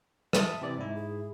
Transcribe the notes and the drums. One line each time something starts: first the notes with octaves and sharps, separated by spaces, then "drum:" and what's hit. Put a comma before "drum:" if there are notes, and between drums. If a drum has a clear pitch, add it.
E5 A5 D#6, drum: rim click
C3 E3 D5
G#2 E4
G#4